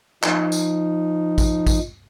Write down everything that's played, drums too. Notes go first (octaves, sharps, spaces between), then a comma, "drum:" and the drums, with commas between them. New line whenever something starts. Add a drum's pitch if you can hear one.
F3 D#4, drum: clap
drum: tambourine
drum: kick, tambourine
drum: kick, tambourine